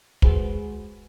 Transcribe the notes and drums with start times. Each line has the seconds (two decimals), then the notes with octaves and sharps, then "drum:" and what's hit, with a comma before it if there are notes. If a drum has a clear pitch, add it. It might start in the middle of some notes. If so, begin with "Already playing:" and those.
0.22 G#3 F#4 G#4 B4 C5, drum: kick